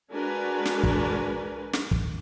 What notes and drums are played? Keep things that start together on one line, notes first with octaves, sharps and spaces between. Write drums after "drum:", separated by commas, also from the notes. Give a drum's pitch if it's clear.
G#3 D4 F#4 A#4 B4 G#5
drum: snare
drum: kick
drum: snare
drum: kick